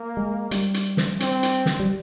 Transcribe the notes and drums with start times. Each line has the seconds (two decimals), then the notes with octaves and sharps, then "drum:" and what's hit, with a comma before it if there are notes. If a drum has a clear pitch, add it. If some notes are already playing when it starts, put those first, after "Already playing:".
Already playing: A#3
0.17 G#3
0.51 G3, drum: hi-hat
0.74 drum: hi-hat
0.97 drum: snare
1.20 C4, drum: hi-hat
1.43 drum: hi-hat
1.66 drum: snare
1.80 G3